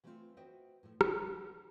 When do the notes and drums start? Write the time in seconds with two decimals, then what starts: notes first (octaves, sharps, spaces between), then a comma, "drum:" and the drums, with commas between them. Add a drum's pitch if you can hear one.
0.04 E3 G3 A3 A#3 C4 F4
0.37 F#4 B4 C5 D#5 E5 G5
0.83 A2 F3 A3
1.01 D#3 G#3, drum: rim click
1.22 E3 F#4